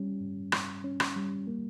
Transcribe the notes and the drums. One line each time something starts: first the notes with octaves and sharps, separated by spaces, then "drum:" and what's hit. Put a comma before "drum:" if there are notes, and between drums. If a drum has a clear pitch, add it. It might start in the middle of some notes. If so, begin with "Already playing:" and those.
Already playing: G3 C#4
G2
G2, drum: rim click
C#4
drum: rim click
G3
A#3